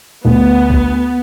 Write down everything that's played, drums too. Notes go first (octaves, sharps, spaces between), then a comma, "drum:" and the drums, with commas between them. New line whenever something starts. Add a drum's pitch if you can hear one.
D2 B3
drum: kick A#1